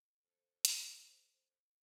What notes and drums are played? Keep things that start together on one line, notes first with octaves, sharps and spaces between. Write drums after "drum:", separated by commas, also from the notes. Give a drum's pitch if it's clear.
A4 C5
drum: hi-hat